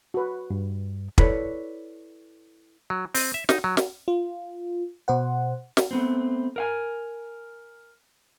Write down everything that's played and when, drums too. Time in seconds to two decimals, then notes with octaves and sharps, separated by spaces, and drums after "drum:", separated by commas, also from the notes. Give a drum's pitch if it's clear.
0.14 F#4 B4
0.50 G2
1.18 E4 A4 B4 C#5 D5, drum: kick
2.90 F#3
3.15 C4, drum: open hi-hat
3.34 E5
3.49 D#4, drum: snare
3.64 F#3
3.77 drum: snare
4.08 F4
5.08 B2 C5 F#5
5.77 drum: snare
5.91 A3 B3 C4
6.56 A#4 F5 G#5